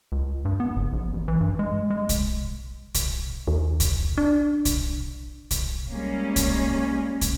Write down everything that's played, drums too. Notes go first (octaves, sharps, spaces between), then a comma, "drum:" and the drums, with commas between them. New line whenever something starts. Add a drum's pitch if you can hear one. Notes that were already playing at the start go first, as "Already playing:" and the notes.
C#2
G2
B3
F#1
A#1
A1
E3
G2
G#3
G#3
drum: kick, hi-hat
drum: kick, hi-hat
D#2
drum: kick, hi-hat
D4
drum: kick, hi-hat
drum: kick, hi-hat
G3 G#3 A#3 C#4
drum: kick, hi-hat
drum: kick, hi-hat